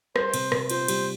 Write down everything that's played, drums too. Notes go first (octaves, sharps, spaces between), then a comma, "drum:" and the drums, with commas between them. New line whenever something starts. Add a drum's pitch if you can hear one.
G3 C5, drum: rim click
C3, drum: cymbal
C3, drum: rim click
F4 C5, drum: cymbal
G3, drum: cymbal